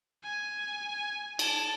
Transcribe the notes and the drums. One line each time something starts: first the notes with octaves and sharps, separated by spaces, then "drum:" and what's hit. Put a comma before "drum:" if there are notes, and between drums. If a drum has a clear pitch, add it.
G#5
A5, drum: cymbal